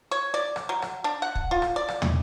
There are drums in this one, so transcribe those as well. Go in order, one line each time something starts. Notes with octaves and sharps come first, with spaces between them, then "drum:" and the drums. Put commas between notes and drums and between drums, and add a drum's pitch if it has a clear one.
C#5
D5
drum: rim click
F#3
drum: rim click
D4
F#5
drum: kick
F4
drum: rim click
D5
drum: rim click
drum: tom